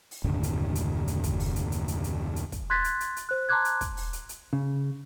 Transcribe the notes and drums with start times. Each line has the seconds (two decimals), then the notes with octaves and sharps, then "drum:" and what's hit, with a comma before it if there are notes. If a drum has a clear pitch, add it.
0.11 drum: open hi-hat
0.24 F#1 D#2 A2 D3
0.43 drum: hi-hat
0.75 drum: hi-hat
1.08 drum: hi-hat
1.24 drum: kick, hi-hat
1.40 drum: open hi-hat
1.56 drum: hi-hat
1.72 drum: hi-hat
1.88 drum: hi-hat
2.04 drum: hi-hat
2.36 drum: hi-hat
2.52 drum: kick, hi-hat
2.70 C6 F#6 G#6 A6 B6
2.84 drum: hi-hat
3.00 drum: hi-hat
3.16 drum: hi-hat
3.29 C5 F#6
3.49 A5 A#5 C6 D6 F#6 G#6
3.65 drum: hi-hat
3.81 drum: kick, hi-hat
3.97 drum: open hi-hat
4.13 drum: hi-hat
4.29 drum: hi-hat
4.53 C#3